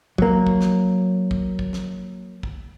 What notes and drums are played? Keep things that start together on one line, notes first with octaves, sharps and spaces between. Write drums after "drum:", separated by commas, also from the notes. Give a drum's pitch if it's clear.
F#3 A#3, drum: kick
drum: kick
drum: snare
drum: kick
drum: kick
drum: snare
drum: kick